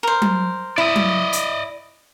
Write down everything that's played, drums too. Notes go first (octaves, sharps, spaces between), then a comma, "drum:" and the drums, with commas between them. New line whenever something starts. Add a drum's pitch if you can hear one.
A#4 C5
drum: tom F#3
E4 D5 D#5
drum: tom F#3
drum: hi-hat